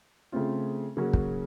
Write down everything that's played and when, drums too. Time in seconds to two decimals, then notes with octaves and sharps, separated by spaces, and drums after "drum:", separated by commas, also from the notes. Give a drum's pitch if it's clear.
0.32 C#3 A3 C4 F4
0.97 C#3 F#3 A#3 C#4 F#4
1.13 drum: kick